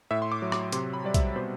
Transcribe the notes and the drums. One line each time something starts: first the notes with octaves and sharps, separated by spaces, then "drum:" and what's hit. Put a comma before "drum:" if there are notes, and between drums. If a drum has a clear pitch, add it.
A2 E5
C6
D6
F#3
D6, drum: rim click
C3 C6, drum: hi-hat
B5
G3 D5
E5, drum: kick B1, hi-hat
B2 C5